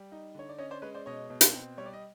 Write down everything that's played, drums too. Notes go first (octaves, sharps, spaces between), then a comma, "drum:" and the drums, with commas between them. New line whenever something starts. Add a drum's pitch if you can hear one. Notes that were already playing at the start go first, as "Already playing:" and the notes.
Already playing: G3
D#4
D3 C#5
D5
C#4 C#5 D#5
C5 D5
G#3 B4 C#5
C5 D5
B2 C#5 D#5
B2
drum: hi-hat
C4
G3 C#5
D5
D#5